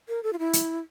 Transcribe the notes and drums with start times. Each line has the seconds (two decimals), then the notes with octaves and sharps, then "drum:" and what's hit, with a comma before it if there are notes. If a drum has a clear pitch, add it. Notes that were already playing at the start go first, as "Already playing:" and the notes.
0.09 A#4
0.23 A4
0.33 F4
0.39 E4
0.53 drum: hi-hat